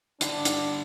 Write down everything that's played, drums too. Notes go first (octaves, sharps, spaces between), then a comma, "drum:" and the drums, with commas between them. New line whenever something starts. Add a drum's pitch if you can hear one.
D3 G3 D4, drum: hi-hat
drum: hi-hat